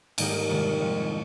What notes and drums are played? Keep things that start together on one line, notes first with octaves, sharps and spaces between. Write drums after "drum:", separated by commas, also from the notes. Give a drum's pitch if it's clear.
G#2 D#3 A#3 D#4 G4, drum: cymbal
F2 C3 D#3 G#3
C3 F3 G#3